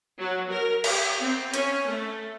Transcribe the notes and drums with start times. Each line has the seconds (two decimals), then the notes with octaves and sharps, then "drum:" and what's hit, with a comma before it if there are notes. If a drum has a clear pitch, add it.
0.18 F#3
0.50 A#4
0.84 G4, drum: cymbal
1.20 C4
1.54 C#4, drum: hi-hat
1.88 A3